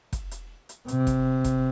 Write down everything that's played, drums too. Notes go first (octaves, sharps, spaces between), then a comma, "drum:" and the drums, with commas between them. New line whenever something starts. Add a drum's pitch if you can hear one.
drum: kick, hi-hat
drum: hi-hat
drum: hi-hat
C3, drum: hi-hat
drum: kick, hi-hat
drum: kick, hi-hat